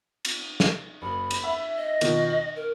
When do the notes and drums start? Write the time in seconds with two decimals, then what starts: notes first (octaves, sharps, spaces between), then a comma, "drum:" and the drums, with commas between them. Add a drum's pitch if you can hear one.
0.25 drum: cymbal
0.60 drum: snare
1.02 F#1 B5
1.31 drum: cymbal
1.44 E5
1.78 D#5
2.01 B2 D#3 F3, drum: cymbal
2.29 F#7
2.56 A#4